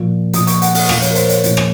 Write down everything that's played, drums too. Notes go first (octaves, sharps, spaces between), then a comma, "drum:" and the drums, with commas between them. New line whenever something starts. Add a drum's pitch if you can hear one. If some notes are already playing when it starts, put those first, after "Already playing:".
Already playing: A#2 F3
A#2 F3 D#6, drum: hi-hat
C#6, drum: hi-hat
F#5, drum: hi-hat
F#5, drum: open hi-hat
A#2 F3 F5, drum: rim click
C#5, drum: hi-hat
A#4
C5, drum: hi-hat
C#5, drum: hi-hat
A#2 F3, drum: hi-hat
drum: rim click